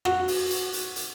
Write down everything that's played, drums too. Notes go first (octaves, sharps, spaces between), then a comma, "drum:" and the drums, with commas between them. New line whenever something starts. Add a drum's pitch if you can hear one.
F#4, drum: rim click
drum: open hi-hat
drum: hi-hat
drum: hi-hat
drum: hi-hat